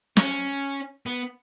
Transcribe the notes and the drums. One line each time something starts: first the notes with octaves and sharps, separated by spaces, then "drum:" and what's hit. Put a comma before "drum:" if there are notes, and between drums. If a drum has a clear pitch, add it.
C#4, drum: snare
B3